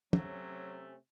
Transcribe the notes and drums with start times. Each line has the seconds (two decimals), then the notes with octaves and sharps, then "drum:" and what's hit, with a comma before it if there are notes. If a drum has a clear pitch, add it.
0.13 C3 F#3 A3 C#4, drum: tom